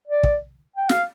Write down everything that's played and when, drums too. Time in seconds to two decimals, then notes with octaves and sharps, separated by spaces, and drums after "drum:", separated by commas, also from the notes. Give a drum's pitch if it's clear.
0.08 D5
0.23 drum: kick
0.76 G5
0.89 F5, drum: snare